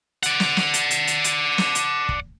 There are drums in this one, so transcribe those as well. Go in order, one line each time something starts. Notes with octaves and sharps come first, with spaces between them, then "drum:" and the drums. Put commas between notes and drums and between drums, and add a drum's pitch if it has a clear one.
D5 F#5, drum: hi-hat
drum: snare
drum: snare
drum: hi-hat
drum: hi-hat
drum: hi-hat
drum: hi-hat
drum: snare
drum: hi-hat
drum: kick